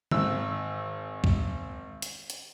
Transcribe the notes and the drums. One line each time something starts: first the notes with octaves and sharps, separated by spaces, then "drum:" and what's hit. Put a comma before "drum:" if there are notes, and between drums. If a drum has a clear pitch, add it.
G#1 E6, drum: tom D3
drum: kick
drum: hi-hat
drum: hi-hat